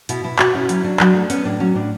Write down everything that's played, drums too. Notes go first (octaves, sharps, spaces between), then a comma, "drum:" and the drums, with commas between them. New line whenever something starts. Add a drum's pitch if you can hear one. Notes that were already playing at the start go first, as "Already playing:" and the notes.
B2 E4, drum: hi-hat
B2 E4
B2 F#4, drum: clap
C#4 E4
F#3 E4, drum: hi-hat
F#3 D4
F#3, drum: clap
A3
B3 C#4, drum: hi-hat
A2 D4
F#3 C#4
A2 D4